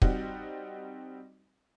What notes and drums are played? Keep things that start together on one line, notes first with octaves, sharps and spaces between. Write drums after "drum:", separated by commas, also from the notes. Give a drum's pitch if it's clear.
G3 C4 D#4 F#4 G4, drum: kick